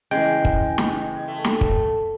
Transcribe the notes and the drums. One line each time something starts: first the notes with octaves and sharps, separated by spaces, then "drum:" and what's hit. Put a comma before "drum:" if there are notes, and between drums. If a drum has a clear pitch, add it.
C#3 E3 G#3 G5
drum: kick
drum: snare
A3
drum: snare
drum: kick